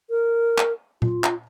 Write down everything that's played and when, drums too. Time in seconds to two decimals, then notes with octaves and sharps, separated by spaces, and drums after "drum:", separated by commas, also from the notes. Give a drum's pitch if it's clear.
0.10 A#4
0.58 drum: clap
1.02 F4, drum: tom A#2
1.24 drum: clap